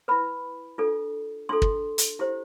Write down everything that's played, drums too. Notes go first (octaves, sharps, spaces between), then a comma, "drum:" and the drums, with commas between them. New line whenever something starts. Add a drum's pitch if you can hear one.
E4 B4 B5
D4 F4 A4
D4 F4 A4 C6
drum: kick
drum: hi-hat
E4 G4 C5